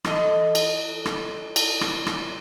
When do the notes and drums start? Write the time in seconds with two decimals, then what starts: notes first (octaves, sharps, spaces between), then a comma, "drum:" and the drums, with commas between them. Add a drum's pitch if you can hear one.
0.04 E3 A4 D#5, drum: rim click
0.55 drum: cymbal
1.05 drum: rim click
1.56 drum: cymbal
1.81 drum: rim click
2.06 drum: rim click